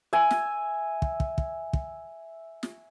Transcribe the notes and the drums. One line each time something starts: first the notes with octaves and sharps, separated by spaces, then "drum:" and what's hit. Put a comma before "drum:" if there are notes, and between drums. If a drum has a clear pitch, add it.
E5 G#5
drum: snare
drum: kick
drum: kick
drum: kick
drum: kick
drum: snare